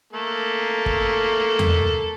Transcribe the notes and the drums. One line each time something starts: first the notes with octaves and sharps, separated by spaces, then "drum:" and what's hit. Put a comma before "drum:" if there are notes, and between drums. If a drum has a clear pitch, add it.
A3 A#3 A4
drum: kick
drum: tom E2